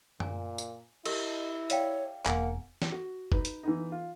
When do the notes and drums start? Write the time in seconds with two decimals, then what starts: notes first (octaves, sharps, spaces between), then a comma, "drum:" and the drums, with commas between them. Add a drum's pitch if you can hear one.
0.20 A#2 G#5 A#5, drum: tom F#2
0.58 drum: tambourine
1.06 E4 G4 A#4 D#5, drum: cymbal
1.70 C#5 D5 F5 G5, drum: hi-hat
2.26 E1 A#3 F#5 G#5, drum: clap
2.82 drum: snare
2.92 F#4
3.32 D#4 B4, drum: kick F#1
3.45 drum: hi-hat
3.63 E3 B3 D#4
3.92 F4